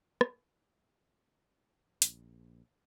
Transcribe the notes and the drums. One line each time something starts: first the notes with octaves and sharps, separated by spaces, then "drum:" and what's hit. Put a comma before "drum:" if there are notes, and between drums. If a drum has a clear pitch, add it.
drum: rim click
A#1, drum: hi-hat